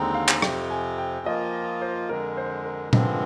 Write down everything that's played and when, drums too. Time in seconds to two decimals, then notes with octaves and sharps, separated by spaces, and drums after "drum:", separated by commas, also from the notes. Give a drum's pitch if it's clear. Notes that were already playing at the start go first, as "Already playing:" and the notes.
Already playing: D#2 D3 G#3 C4 D#4 G5
0.14 F5
0.28 drum: clap
0.42 F2 C3 F3 C4 G5, drum: rim click
0.71 G#5
0.98 G5
1.26 F3 A#3 F4 D#5
1.82 C5
2.09 F2 D3 G#3 A#4
2.37 C5
2.64 A#4
2.93 G2 D3 F3 G#3 C4, drum: tom A#2